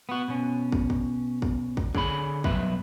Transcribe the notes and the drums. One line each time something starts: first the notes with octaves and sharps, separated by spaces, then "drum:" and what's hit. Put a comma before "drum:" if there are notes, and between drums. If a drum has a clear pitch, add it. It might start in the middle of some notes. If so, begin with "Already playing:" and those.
B3 F#4
B2 C#4
drum: kick
drum: kick
drum: kick
drum: kick
D3 G#4 C#5 B5, drum: kick
B1 G2 F#3 B4 E5, drum: kick